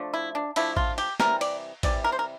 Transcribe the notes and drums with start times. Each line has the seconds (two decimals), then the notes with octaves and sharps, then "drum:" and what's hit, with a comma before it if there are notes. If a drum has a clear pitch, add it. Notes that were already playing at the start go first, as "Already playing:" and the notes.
Already playing: F3 A3 D4
0.14 E4
0.35 D4
0.56 F3 A3 D4 E4, drum: cymbal
0.77 F4, drum: kick
0.98 G4, drum: cymbal
1.20 C3 E3 G3 A#4, drum: snare
1.41 D5, drum: cymbal
1.83 C3 E3 G3 D5, drum: kick, cymbal
2.04 A#4
2.12 C5
2.19 A#4